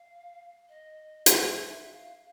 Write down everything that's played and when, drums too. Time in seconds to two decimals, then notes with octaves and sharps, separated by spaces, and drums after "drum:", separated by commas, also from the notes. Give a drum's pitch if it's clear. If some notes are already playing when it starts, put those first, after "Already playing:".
Already playing: F5
0.69 D#5
1.26 drum: hi-hat
1.62 E5
1.92 F5